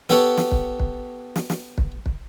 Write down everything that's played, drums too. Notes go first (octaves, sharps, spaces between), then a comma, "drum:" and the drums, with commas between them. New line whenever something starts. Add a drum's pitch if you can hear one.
B3 G4 A4 C#5 F#5, drum: snare
drum: snare
drum: kick
drum: kick
drum: snare
drum: snare
drum: kick
drum: kick